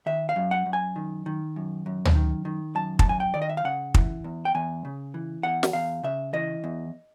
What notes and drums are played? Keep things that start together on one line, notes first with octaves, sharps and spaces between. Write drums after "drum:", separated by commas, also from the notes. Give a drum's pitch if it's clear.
D#3 E5
F5
F#2
F#5
F#2
G#5
D#3
D#3
F#2
F#2
drum: tom
D#3
D#3
F#2 A5
A5, drum: kick
F#2 G#5
G5
D#3 D5
D#5
E5
F5
C#3 F#5
E3, drum: kick
E2
G5
E2 G#5
C#3
E3
E2 F#5
drum: snare
E2 F5
C#3 E5
E3 D#5
E2